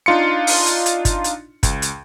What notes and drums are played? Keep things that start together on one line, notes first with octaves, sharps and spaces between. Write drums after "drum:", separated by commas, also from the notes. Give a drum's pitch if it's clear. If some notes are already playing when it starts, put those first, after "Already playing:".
D4 D#4 F4 C6 C#7
drum: open hi-hat
drum: hi-hat
drum: hi-hat
drum: kick, hi-hat
drum: hi-hat
C#2, drum: kick, hi-hat
drum: hi-hat